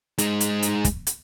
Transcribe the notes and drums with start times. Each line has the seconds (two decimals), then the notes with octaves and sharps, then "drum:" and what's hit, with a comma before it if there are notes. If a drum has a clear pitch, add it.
0.18 G#3 D#4, drum: hi-hat
0.40 drum: hi-hat
0.63 drum: hi-hat
0.85 drum: kick, hi-hat
1.07 drum: hi-hat